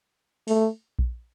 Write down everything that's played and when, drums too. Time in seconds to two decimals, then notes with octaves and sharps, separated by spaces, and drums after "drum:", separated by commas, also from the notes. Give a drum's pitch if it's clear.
0.48 A3, drum: open hi-hat
0.99 drum: kick A#1